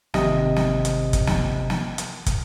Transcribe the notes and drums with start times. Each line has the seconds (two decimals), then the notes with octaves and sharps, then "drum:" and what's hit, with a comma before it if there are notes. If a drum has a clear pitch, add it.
0.14 G#1 C3 D#5, drum: snare
0.56 drum: snare
0.85 drum: hi-hat
1.13 drum: kick, hi-hat
1.27 drum: snare
1.70 drum: snare
1.98 drum: hi-hat
2.26 drum: kick, hi-hat